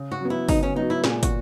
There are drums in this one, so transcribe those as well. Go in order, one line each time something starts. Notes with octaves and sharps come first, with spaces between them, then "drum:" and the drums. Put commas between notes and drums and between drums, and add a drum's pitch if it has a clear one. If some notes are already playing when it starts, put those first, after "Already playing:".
Already playing: C#3
F#4
F#3 B3
E4
C#3 D#4, drum: kick, open hi-hat
C#4
F#3 B3 D#4
E4
A#2 G#4, drum: snare
F#4, drum: kick, hi-hat